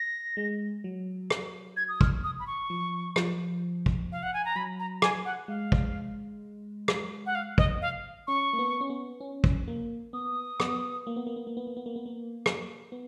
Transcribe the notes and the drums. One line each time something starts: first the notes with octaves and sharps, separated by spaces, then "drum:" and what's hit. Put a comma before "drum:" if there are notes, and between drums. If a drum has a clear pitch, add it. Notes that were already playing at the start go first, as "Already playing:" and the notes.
Already playing: A#6
G#3
F#3
drum: rim click
G#6
D#6
F6, drum: kick
D#6
B5
C#6
F3
F3, drum: rim click
drum: kick
F5
F#5
G#5
A#5
F#3 B5
A#5
G#5, drum: rim click
F#5
G#3 F5
drum: kick
drum: rim click
F#5
F5
D#5, drum: kick
F5
C#4 C#6
A#3
B3
C#4
B3
C#4
drum: kick
A#3
B3 D#6
B3, drum: rim click
A#3
B3
A#3
B3
A#3
B3
A#3
B3
A#3
B3
A#3
drum: rim click
B3